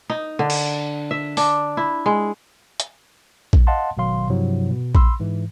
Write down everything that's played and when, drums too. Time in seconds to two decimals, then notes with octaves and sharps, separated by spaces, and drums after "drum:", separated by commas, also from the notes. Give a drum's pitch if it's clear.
0.10 D#4
0.39 D3
0.50 drum: cymbal
1.11 E5
1.37 D4, drum: open hi-hat
1.77 E4
2.06 G#3
2.80 drum: hi-hat
3.53 drum: kick A#1
3.67 D#5 F5 F#5 A5 C6
3.97 G#1 B2 D#3 F#3 F5 C6
4.30 G2 C3 F3 F#3 E4
4.70 B2
4.95 B5 C6 E6, drum: kick A#1
5.20 G#2 E3